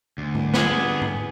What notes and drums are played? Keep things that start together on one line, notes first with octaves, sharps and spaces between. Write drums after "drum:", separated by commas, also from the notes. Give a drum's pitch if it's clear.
D2
drum: tom G#2
D3 B3 G4 G#4, drum: snare
drum: tom G#2